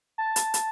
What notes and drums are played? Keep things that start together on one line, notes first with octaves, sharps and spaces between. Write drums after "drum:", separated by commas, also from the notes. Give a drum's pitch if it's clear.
A5
drum: hi-hat
drum: hi-hat